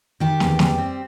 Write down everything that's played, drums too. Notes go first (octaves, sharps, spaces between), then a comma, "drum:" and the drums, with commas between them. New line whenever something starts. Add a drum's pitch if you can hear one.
D#3 G4
E2, drum: snare
G3, drum: snare
C4